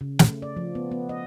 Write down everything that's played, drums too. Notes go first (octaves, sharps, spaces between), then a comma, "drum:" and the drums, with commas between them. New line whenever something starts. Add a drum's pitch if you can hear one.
C#3
A3, drum: snare
D5
F3
B3
B3
D#5